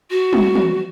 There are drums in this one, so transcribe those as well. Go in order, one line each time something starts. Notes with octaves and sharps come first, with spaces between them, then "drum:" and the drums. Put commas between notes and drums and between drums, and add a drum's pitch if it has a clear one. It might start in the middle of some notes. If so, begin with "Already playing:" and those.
F#4
drum: tom
drum: tom E3